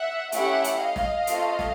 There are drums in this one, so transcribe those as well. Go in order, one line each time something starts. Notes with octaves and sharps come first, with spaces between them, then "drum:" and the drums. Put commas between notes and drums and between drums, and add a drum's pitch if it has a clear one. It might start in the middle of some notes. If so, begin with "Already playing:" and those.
Already playing: E5 F#5
A3 C#4 E4 G4 E5 F#5, drum: hi-hat
drum: hi-hat
D#5 F5
drum: snare
A3 C4 F4 A4, drum: hi-hat
drum: snare